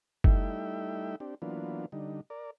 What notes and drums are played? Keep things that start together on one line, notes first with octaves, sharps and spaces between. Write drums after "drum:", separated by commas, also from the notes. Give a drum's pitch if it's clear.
G3 A3 D#4 E4 E5 G5, drum: kick
C4 D4 G4
E3 F#3 A#3 B3 D4 F4
D3 G3 D#4
A#4 D5